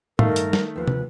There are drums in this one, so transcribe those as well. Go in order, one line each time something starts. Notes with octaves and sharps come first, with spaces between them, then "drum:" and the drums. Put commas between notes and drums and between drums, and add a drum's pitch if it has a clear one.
G2 D#3 A3 A#4 F5, drum: tom
drum: hi-hat
drum: snare
D#2 F3 B4
drum: tom